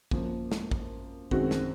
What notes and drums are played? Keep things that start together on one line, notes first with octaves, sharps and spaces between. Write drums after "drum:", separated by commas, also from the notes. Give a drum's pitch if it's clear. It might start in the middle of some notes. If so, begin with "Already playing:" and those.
F#2 F3 A#3, drum: kick
drum: snare
drum: kick
F#2 D#3 G#3 C4 F#4, drum: kick
drum: snare